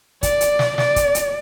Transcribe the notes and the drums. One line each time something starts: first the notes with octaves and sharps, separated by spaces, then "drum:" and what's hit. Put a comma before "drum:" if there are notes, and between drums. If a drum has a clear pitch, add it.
D5, drum: kick, hi-hat
drum: hi-hat
drum: snare
D5, drum: snare
drum: kick, hi-hat
drum: hi-hat